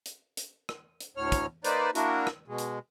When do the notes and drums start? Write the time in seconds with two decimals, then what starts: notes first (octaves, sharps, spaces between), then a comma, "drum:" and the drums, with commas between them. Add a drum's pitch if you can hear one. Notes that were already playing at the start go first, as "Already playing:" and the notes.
0.06 drum: hi-hat
0.37 drum: hi-hat
0.69 drum: rim click
1.00 drum: hi-hat
1.17 D2 A2 C#5 F6
1.32 drum: kick, hi-hat
1.64 A#3 D#4 B4 C5 D5, drum: hi-hat
1.95 A#3 D4 E4 F#4 A#4, drum: hi-hat
2.27 drum: rim click
2.48 B2 G#3
2.58 drum: hi-hat